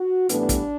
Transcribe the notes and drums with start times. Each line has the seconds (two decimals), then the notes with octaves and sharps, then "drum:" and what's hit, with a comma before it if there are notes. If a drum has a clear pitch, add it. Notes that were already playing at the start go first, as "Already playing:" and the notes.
Already playing: F#4
0.29 A2 E3 G3 B3 D4, drum: hi-hat
0.49 drum: kick, hi-hat